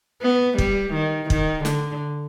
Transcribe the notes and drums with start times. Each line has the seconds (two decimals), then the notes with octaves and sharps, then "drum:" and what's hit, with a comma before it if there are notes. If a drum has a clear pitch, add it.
0.23 B3
0.58 G3, drum: kick
0.94 D#3
1.30 D#3, drum: kick
1.65 D3, drum: snare